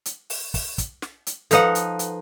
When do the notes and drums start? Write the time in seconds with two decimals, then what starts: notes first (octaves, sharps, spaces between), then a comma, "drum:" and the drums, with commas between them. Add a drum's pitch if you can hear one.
0.06 drum: hi-hat
0.30 drum: open hi-hat
0.54 drum: kick, open hi-hat
0.78 drum: kick, hi-hat
1.02 drum: snare
1.27 drum: hi-hat
1.51 F3 D#4 A4 B4 F5 F#5, drum: hi-hat
1.75 drum: hi-hat
1.99 drum: hi-hat